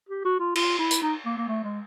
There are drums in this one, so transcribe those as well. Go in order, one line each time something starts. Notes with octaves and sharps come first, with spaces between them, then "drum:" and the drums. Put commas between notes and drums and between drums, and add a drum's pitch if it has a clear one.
G4
F#4
F4
F4, drum: cymbal
E4
drum: hi-hat
D#4
A#3
A#3
A3
G#3